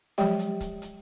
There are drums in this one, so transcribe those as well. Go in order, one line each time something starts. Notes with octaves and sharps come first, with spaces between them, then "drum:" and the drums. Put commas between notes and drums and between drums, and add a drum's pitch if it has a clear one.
F3 F#3 G#3 G4 G5, drum: hi-hat
drum: hi-hat
drum: kick C#1, hi-hat
drum: hi-hat